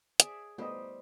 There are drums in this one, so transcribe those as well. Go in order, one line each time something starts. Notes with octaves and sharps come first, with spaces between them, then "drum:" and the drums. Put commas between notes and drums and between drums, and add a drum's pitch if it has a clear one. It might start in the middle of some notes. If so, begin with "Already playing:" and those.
G#4 D5 E5, drum: hi-hat
G3 A3 B3 C5 D#5